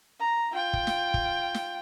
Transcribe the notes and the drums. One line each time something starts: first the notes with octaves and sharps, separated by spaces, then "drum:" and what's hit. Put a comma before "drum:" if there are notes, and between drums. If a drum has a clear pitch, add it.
A#5
F4 G5
drum: kick
drum: snare
drum: kick
drum: snare